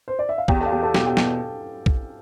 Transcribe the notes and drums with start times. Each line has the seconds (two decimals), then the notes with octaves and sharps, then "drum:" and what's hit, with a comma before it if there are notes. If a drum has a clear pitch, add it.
0.08 C5
0.19 D5
0.29 E5
0.38 F5
0.48 E2 G4 G5, drum: kick
0.60 A4 A5
0.66 F5
0.71 E2 G4 G5
0.83 A4 A5
0.94 B2 G4 G5, drum: snare
1.06 G4 G5
1.17 B2 G4 G5, drum: snare
1.86 drum: kick